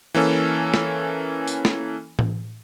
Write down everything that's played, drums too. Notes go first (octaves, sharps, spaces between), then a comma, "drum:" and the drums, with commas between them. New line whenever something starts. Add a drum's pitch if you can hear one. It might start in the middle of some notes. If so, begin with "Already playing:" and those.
E3 A#3 C#4 A4
drum: snare
drum: tambourine
drum: snare
drum: tom A2